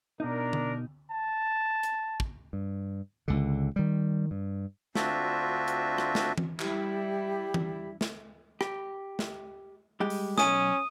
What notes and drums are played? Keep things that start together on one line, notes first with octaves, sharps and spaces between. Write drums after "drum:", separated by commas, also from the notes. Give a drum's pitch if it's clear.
B2 D4 D#4 A#4
drum: tom D3
A5
drum: hi-hat
drum: kick
G2
C#2 D3
D#3 G3
G2
D2 C4 D4 F4 F#4 E5, drum: snare
drum: hi-hat
drum: rim click
drum: snare
drum: tom E3
G3 E4 G4, drum: clap
drum: tom E3
drum: snare
G4, drum: rim click
drum: snare
G3 G#3 G4
drum: open hi-hat
B1 E2 C#4 G#5 D#6 D#7, drum: snare